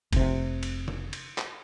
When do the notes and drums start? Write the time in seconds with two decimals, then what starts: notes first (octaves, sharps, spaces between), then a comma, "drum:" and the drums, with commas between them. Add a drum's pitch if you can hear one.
0.13 F1 C3, drum: kick, cymbal
0.63 drum: cymbal
0.88 drum: tom
1.13 drum: cymbal
1.38 drum: clap